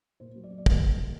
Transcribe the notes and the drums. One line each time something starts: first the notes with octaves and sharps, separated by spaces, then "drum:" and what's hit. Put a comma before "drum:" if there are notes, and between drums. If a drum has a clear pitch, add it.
A#2 C5
F#3
D5
F#3
D5
F#3 D#5, drum: kick
F#3
A#2